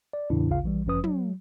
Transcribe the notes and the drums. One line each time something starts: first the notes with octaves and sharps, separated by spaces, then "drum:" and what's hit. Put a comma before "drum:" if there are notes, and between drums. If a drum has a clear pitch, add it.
D5
E2 A2 C#3 E3 D4 E4
A1 D#2 C#3 F4 F5
A#1 E3 G3
G1 F#2 F3 C#4 B4 D#6
F#3, drum: tom